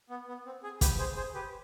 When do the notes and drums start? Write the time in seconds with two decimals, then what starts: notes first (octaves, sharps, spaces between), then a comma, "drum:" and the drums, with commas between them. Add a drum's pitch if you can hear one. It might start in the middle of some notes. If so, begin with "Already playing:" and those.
0.10 B3
0.28 B3
0.46 C4
0.63 G#4
0.81 G4 B4, drum: kick, hi-hat
0.99 G#4 C5
1.17 G#4 C5
1.35 G4 B4